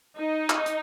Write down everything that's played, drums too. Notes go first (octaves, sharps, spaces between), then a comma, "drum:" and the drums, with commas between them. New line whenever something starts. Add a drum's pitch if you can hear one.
D#4
drum: clap
drum: hi-hat